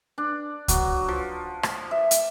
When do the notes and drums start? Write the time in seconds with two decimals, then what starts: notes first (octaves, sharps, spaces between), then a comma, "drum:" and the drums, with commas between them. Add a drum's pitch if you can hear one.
0.18 D4
0.68 F#3, drum: kick C#2, hi-hat
1.08 F3
1.63 drum: rim click
1.91 E5
2.11 drum: hi-hat